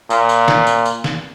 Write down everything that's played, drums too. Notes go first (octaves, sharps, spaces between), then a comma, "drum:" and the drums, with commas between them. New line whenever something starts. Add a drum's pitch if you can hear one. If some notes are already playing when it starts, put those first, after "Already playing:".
A#2, drum: tambourine
drum: tambourine
drum: snare
drum: tambourine
drum: tambourine
drum: snare